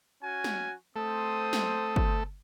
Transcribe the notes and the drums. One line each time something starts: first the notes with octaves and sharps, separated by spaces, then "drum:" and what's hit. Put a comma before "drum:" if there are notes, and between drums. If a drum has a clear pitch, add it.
C#4 F#4 G#5
drum: snare
A3 C4 A4 C5 D#6
drum: snare
drum: kick G1